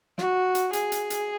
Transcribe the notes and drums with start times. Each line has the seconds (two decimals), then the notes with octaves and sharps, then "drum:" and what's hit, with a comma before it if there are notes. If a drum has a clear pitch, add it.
0.18 F#4, drum: snare
0.55 drum: hi-hat
0.73 G#4, drum: hi-hat
0.92 drum: hi-hat
1.10 drum: hi-hat